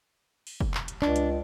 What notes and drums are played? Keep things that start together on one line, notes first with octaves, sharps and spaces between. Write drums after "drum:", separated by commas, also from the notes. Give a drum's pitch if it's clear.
drum: open hi-hat
drum: kick
drum: clap
drum: hi-hat
C#2 D4, drum: clap
drum: hi-hat